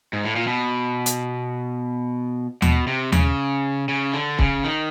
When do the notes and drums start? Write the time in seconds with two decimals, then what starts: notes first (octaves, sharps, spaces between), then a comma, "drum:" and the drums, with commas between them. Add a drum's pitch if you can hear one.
0.13 G#2
0.25 A2
0.36 A#2
0.47 B2
1.06 drum: hi-hat
2.62 B2, drum: tom D#2
2.87 C3
3.12 C#3, drum: tom D#2
3.89 C#3
4.14 D3
4.39 C#3, drum: kick
4.64 D#3